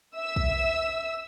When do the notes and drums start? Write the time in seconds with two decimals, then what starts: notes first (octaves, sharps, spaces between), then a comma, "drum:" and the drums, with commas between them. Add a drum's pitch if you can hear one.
0.17 E5 E6
0.36 drum: kick